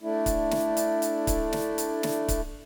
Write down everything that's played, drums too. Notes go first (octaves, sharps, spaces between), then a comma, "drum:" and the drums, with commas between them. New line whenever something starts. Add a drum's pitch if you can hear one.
A3 D4 E4
drum: kick C#1, hi-hat
drum: snare
drum: hi-hat
drum: hi-hat
drum: kick C#1, hi-hat
drum: snare
drum: hi-hat
drum: snare
drum: kick C#1, hi-hat